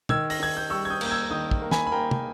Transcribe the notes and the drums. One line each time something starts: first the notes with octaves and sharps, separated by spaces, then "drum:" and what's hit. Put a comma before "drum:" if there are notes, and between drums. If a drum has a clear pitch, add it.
D#3 E6 G#6, drum: tom
A#6, drum: open hi-hat
D#3 G#6
G6
G3 C#6 E6
G#6
D#6 G6
A#3, drum: cymbal
G6
E6 G#6
D#3 D#6 G6
drum: kick
A#3
G#5 B5, drum: snare
B5
A#3 G5 A#5
drum: tom